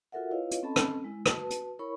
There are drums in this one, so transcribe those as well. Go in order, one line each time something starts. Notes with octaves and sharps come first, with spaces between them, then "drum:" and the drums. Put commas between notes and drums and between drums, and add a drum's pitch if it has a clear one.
F4 F#4 A4 A#4 E5 F#5
E4 F4 B4 C#5 D#5 F5
drum: hi-hat
C4 C#4 A4 D#5 A5 B5
drum: rim click
G#3 E4
F#4 B4 A5, drum: rim click
drum: hi-hat
E4 A#4 C#5 B5 C#6